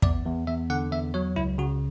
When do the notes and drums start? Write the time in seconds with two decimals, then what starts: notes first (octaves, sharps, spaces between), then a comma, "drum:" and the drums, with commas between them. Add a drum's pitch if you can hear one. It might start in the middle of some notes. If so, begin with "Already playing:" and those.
0.02 E2 D5, drum: kick
0.26 E2
0.47 E2 E5
0.70 D3 F#5
0.91 E2 E5
1.14 F#3 C#5
1.36 C#2 E4
1.58 C#3 F#4